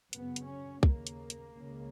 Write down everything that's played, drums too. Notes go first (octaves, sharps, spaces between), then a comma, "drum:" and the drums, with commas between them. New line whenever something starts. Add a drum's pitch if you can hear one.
F#2 C#3 B3, drum: hi-hat
drum: hi-hat
C#4
D#2 C#3 A#3, drum: kick
drum: hi-hat
drum: hi-hat
C#2 C#3